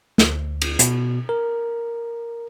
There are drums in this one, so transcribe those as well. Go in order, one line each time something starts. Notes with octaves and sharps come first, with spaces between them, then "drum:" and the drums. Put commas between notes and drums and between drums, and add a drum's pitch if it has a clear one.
D2, drum: snare
drum: cymbal
B2, drum: hi-hat
A#4